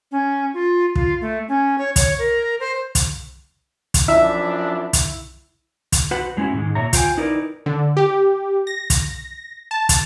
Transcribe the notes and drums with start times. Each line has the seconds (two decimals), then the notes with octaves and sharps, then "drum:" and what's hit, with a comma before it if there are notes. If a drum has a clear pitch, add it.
0.12 C#4
0.54 F4
0.96 F4, drum: kick
1.21 A3
1.48 C#4
1.78 C#5
1.96 C#5, drum: kick, hi-hat
2.19 A#4
2.60 C5
2.95 drum: kick, hi-hat
3.94 drum: kick, hi-hat
4.08 F#2 F3 D4 E4 E5
4.93 drum: kick, hi-hat
5.92 drum: kick, hi-hat
6.11 F#4 B4 C5 F#5
6.37 F#3 G#3 C#4 E4 F#4
6.53 G#2 D#3 G#3
6.75 A#2 C#5 E5 A#5
6.93 F4 C5 G5 G#5, drum: kick, hi-hat
7.17 D#4 E4 A#4 B4 D5
7.66 D3
7.97 G4
8.67 A#6
8.90 drum: kick, hi-hat
9.71 A5
9.89 drum: kick, hi-hat